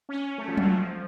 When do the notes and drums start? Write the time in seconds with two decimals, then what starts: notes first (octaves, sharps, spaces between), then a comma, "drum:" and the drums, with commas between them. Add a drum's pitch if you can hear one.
0.09 C#4
0.38 A3
0.48 F3
0.57 F#3, drum: tom F#3
0.67 F3